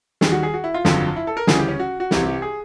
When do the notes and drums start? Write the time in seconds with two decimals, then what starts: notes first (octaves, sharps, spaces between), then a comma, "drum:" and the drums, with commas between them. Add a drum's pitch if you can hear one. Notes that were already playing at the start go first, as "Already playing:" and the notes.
0.21 D#2 D#3 G3 G#4, drum: snare
0.32 F#4
0.43 G#4
0.54 F#4
0.64 E4
0.74 F4
0.85 G1 F2 D3 F#3, drum: snare
1.16 E4
1.27 A4
1.37 A#4
1.47 D2 C#3 E3 G3 G#4, drum: snare
1.58 G4
1.68 C#4
1.79 F#4
2.00 F#4
2.11 C2 C3 E3 G4, drum: snare
2.26 G4
2.42 G#4